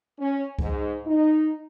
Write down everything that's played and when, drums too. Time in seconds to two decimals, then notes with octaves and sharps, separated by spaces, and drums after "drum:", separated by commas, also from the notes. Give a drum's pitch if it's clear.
0.18 C#4
0.59 G#2, drum: kick C2
1.05 D#4